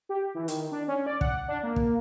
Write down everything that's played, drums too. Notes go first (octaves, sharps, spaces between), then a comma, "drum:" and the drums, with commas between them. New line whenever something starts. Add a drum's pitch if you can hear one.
G4
E3
D#3, drum: hi-hat
D4
C#4
D5
F#5, drum: kick
D4
A#3
drum: kick